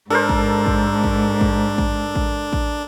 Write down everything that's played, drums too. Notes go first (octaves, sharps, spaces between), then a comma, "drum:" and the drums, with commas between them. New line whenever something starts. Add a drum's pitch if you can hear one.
G#2 D4 A4 A#4 C5
drum: kick A1
drum: kick A1
drum: kick A1
drum: kick A1
drum: kick A1
drum: kick A1
drum: kick A1